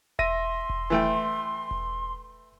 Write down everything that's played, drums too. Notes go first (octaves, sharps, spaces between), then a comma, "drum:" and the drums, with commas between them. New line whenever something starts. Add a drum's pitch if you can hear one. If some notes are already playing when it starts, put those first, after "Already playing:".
E5 C6 A#6 D#7, drum: kick E1
drum: kick E1
E3 A3 G5
drum: kick E1